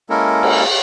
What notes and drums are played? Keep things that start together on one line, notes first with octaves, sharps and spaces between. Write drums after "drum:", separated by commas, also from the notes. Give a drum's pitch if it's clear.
G#3 A#3 C#4 E4 A4 A#4
drum: cymbal